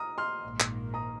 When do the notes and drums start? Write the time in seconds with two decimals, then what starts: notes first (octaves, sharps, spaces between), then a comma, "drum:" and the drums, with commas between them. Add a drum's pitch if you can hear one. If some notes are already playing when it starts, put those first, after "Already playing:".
Already playing: A#5 D#6 F6
0.18 C6 F6
0.43 A#1 G#2 D#3 A#3
0.60 drum: clap
0.94 A#5 D#6